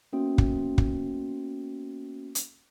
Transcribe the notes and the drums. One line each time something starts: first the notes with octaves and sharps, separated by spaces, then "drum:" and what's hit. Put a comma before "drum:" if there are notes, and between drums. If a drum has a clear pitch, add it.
A#3 B3 C#4 F#4
drum: kick
drum: kick
drum: hi-hat